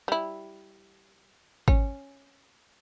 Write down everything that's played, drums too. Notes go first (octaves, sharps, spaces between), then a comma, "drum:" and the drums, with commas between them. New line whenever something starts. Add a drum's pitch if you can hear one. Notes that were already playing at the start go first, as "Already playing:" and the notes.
G3 E4
C#4, drum: kick G#1